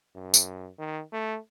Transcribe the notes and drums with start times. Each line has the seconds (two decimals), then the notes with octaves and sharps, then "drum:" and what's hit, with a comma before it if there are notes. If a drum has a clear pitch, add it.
0.16 F#2
0.34 drum: tambourine
0.79 D#3
1.12 A3